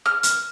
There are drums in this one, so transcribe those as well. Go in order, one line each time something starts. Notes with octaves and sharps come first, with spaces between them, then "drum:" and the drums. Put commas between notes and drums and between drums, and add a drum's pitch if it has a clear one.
F6
drum: hi-hat